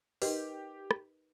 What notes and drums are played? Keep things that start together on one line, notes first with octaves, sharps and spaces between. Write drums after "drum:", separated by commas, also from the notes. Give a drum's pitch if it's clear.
D#4 G4 A#4 B4 D#5, drum: open hi-hat
drum: rim click